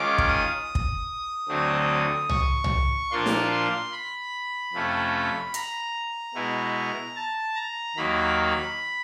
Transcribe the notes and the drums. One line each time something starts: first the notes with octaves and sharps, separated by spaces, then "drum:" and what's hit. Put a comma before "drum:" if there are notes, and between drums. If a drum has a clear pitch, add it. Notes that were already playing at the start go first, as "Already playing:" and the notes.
Already playing: D#3 G#3 C#4 F4 D6
drum: kick
D#6
drum: kick
D2 D3 F#3 A3 C4
C#6, drum: tom C2
drum: tom C2
A#2 F3 A#3 D4 F4 C6
drum: snare
C6
B5
F2 C3 F3 A3 C#4
A#5, drum: hi-hat
B2 G#3 B3 E4
A5
A#5
D#2 D#3 F#3 A#3 B5